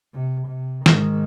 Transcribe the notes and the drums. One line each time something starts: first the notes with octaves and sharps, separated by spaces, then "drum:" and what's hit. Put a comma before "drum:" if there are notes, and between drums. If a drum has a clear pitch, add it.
C3
C3
G#2 D#3, drum: snare